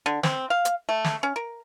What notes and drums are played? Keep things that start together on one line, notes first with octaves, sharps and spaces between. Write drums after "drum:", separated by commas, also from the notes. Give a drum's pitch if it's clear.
D3
C4, drum: snare
F5
drum: hi-hat
A3
drum: snare
C#4
A#4